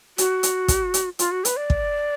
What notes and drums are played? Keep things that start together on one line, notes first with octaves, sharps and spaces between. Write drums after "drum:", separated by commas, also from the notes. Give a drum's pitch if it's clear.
F#4, drum: hi-hat
drum: hi-hat
drum: kick, hi-hat
drum: hi-hat
F4, drum: hi-hat
F#4
B4, drum: hi-hat
D5
drum: kick